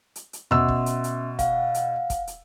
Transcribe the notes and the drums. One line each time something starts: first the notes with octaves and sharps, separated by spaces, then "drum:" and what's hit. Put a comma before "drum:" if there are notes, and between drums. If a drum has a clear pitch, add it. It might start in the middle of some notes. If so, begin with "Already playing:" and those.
drum: hi-hat
drum: hi-hat
B2 C#4 E5 C6 E6, drum: tom D#2
drum: kick
drum: hi-hat
drum: hi-hat
F5 F#5, drum: kick, hi-hat
drum: hi-hat
drum: kick, hi-hat
drum: hi-hat